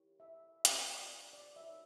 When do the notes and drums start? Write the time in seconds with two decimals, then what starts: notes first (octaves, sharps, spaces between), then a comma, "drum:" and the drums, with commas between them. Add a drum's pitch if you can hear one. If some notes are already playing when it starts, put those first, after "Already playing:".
Already playing: E4 G4 A#4 C#5
0.20 E5
0.65 D4 F4 A4 C5 D#5, drum: hi-hat
0.88 D5
1.33 D5
1.56 D#4 F#4 A#4 C#5 E5